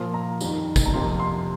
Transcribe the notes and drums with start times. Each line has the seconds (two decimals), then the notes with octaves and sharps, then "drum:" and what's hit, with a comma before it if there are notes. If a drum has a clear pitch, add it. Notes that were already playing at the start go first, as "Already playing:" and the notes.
Already playing: A#2 F3 A#3
0.14 A#5
0.41 F2 D#3 G3, drum: tambourine
0.76 drum: kick, tambourine
0.86 A#5
0.93 F2 C3 F3 A#3 C6
1.19 C6